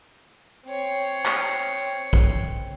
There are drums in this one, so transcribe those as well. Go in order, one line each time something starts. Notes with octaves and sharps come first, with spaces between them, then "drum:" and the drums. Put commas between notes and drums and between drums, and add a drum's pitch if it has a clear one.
C4 C#5
drum: clap
drum: kick A#1